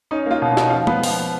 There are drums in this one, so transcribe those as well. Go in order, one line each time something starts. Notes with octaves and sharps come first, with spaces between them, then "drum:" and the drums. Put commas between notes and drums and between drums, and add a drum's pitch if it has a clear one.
C#4 D#4
A#3 F4
B2
F4
C#4 D#4, drum: snare
F3 F4
B3, drum: tom
F3, drum: open hi-hat
F3